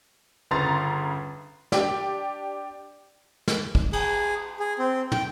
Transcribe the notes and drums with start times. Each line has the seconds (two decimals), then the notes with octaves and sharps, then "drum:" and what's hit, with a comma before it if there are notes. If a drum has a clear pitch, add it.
0.51 G1 C#3 A#5 C6 A6
1.72 D4 G4 D5, drum: snare
3.48 drum: snare
3.75 drum: kick
3.93 G#4, drum: cymbal
4.60 G#4
4.79 C4
5.12 G5, drum: tom